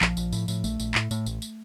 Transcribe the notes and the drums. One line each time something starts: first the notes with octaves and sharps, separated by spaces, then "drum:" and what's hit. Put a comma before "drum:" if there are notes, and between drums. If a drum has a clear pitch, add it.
A#1 F3, drum: clap
A#1, drum: tambourine
A2, drum: tambourine
A2, drum: tambourine
A#1 A3, drum: tambourine
A#1, drum: tambourine
A2, drum: clap
A2, drum: tambourine
A1, drum: tambourine
drum: tambourine